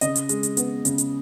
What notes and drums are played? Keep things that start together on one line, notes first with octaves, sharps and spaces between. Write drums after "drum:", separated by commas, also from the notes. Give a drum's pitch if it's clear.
C#3 D#5, drum: hi-hat
drum: hi-hat
G#3, drum: hi-hat
drum: hi-hat
B3, drum: hi-hat
C#3, drum: hi-hat
drum: hi-hat